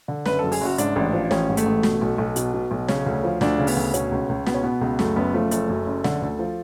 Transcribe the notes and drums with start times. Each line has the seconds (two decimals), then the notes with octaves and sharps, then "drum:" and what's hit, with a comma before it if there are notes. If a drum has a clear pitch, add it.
0.08 D3
0.25 F#1 B4, drum: snare
0.39 F#2 A4
0.52 G#4, drum: open hi-hat
0.61 F#1 F#4
0.78 G#2 D4, drum: hi-hat
0.96 A1
1.13 F3
1.31 A1 C#4, drum: snare
1.49 G#2
1.57 A3, drum: hi-hat
1.66 A1
1.83 B2, drum: snare
2.01 B1
2.18 B1
2.36 B2, drum: hi-hat
2.53 B2
2.71 B1
2.88 C#3 C#4, drum: snare
3.06 D2
3.24 F3
3.41 D2 D4, drum: snare
3.58 C#3
3.67 B3, drum: open hi-hat
3.76 D2
3.94 B2 C#4, drum: hi-hat
4.12 C#2
4.29 C#2
4.46 B2 B3, drum: snare
4.54 C#4
4.63 B2 B3
4.81 C#2
4.99 F#2 A3, drum: snare
5.16 F#1 B3
5.34 F3 A3
5.51 F#1 A3, drum: hi-hat
5.69 F#2
5.86 F#1
6.04 D3, drum: snare
6.22 D2
6.39 F3